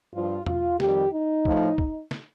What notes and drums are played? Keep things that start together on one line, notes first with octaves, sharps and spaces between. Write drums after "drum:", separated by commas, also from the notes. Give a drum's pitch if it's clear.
G2 F3 F4
F4, drum: tom E2
F2 D#3 G3 G4, drum: snare
D#4
A2 F3, drum: kick
drum: kick
drum: snare